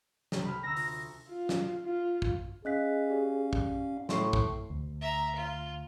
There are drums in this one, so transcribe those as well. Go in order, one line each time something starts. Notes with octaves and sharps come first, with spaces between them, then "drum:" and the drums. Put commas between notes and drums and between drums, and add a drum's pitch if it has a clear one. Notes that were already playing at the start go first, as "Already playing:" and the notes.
C2, drum: snare
B5 F6
D2 A#5 E6 A#6
F4, drum: open hi-hat
F4
drum: snare
F4
drum: kick
C#4 G#4 D#5 F5 F#6 B6
G4 D5
drum: kick
A2 C6 C#6 C7, drum: snare
drum: kick
D2
E5 A#5
F4